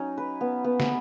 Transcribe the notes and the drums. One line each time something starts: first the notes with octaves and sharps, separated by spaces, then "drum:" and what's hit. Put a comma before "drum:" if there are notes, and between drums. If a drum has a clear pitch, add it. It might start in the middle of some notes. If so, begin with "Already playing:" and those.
Already playing: F#3 C#4 D#4 D#5
B4
B3
B3
drum: snare